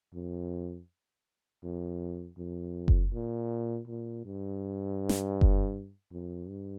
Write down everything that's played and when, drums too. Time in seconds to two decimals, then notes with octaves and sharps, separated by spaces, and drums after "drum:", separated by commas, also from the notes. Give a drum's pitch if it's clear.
0.14 F2
1.63 F2
2.38 F2
2.88 drum: kick F#1
3.13 A#2
3.87 A#2
4.25 G2
5.09 drum: snare
5.41 drum: kick F#1
6.12 F2
6.49 G2